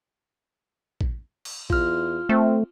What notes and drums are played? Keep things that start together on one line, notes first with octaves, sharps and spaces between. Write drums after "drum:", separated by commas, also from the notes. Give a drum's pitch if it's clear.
drum: kick A1
drum: cymbal
E2 F4 F6, drum: kick A1
A3 C4